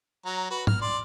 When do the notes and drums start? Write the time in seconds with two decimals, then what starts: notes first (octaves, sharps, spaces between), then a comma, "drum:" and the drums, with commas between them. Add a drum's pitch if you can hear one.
0.26 F#3 A#5
0.50 F#4 B4
0.67 F6, drum: tom G#2
0.82 D5 C6